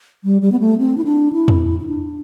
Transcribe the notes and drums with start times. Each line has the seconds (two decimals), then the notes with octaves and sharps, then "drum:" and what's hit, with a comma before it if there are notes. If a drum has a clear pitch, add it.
0.24 G3
0.42 G3
0.52 B3
0.60 A3
0.78 C4
0.98 E4
1.05 D4
1.33 E4
1.48 drum: tom E2
1.80 E4
1.86 D4